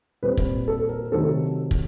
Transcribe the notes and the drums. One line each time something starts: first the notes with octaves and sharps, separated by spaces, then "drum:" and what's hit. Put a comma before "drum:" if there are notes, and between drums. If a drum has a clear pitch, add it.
A#2 G3 C4 B4
drum: kick
A4
A#4
C3 D#3 F#3 A3 C4 A4
drum: kick